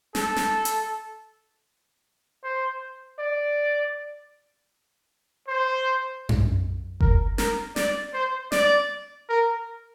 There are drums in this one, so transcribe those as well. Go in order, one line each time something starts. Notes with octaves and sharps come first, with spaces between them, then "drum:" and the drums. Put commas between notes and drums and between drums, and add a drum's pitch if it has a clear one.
A4, drum: snare
drum: snare
drum: hi-hat
C5
D5
C5
drum: tom F#2
A#4, drum: kick F#1
A#4, drum: snare
D5, drum: snare
C5
D5, drum: snare
A#4